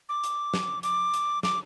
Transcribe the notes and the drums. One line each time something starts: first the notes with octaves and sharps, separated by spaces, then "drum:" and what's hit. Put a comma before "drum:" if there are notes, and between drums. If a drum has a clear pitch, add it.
D6
drum: hi-hat
drum: snare
D6, drum: hi-hat
drum: hi-hat
D6, drum: snare